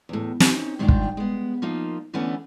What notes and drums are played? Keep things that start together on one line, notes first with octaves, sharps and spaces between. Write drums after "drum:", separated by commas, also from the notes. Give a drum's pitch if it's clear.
E2 A2
C4 C#4 D#4, drum: snare
G#2 D#3 G3 D4 F4 G5
drum: kick
G#3 B3
F3 A#3 D#4 F4
D3 E3 A3 B3 C#4 D4